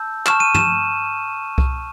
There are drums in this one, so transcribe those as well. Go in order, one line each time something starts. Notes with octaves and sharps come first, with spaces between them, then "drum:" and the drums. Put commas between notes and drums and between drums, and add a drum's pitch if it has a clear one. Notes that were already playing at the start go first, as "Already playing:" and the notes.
Already playing: A5 E6 G6
A5 C#6 F6 E7, drum: clap
D#7
E7, drum: tom
drum: kick C2